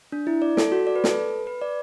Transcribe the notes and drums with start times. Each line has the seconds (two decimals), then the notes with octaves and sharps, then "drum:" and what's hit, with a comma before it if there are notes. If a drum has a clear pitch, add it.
0.12 D4
0.27 E4
0.42 D5
0.57 A4, drum: snare
0.72 F#4
0.87 D5
0.96 B4
1.04 A4, drum: snare
1.12 B4
1.47 B4
1.61 D5